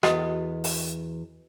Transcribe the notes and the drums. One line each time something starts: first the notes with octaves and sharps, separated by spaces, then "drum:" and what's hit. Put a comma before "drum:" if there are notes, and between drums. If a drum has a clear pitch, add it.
E2 B3 F#4 A4 D#5, drum: rim click
drum: open hi-hat